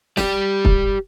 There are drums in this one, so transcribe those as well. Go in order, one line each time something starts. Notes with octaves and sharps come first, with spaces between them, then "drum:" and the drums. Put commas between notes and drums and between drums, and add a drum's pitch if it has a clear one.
G4 D5, drum: snare
drum: kick